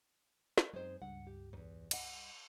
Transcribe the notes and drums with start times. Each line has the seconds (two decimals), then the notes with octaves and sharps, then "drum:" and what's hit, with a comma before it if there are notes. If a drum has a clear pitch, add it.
0.58 drum: snare
0.73 F#2 G#3 C4 D#4 C5
1.02 C#2 G2 F#5
1.27 G4
1.53 E2 G#2
1.91 D#5 F#5, drum: cymbal